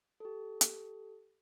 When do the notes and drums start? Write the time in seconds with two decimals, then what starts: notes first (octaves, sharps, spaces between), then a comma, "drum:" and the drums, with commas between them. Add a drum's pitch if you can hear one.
0.20 G4 A4
0.61 drum: hi-hat